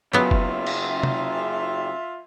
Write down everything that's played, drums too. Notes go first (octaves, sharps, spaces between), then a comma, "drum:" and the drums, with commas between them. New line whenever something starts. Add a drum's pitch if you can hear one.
F#2 C#3 F#3 B3 F4 E5
drum: kick F#1
drum: cymbal
drum: tom C3